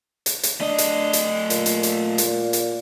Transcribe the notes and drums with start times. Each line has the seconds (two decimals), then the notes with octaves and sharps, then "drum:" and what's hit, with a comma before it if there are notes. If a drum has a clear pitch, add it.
0.26 drum: hi-hat
0.43 drum: hi-hat
0.61 A3 D4 D#5
0.78 drum: hi-hat
1.13 drum: hi-hat
1.50 A#2, drum: hi-hat
1.66 drum: hi-hat
1.83 drum: hi-hat
2.18 drum: hi-hat
2.53 drum: hi-hat